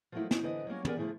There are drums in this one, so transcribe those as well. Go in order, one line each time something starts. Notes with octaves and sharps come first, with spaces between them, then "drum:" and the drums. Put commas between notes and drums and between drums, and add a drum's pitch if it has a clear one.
F3 F#3 A3 A#3 D#4 E4
C#4 D#4, drum: snare
D3 E3 B4 C5 D#5
F#3 G3 A#3 C#4
B3 G4 G#4 A#4 D5 G#5, drum: tom
D3 F3 A3 E4 G#4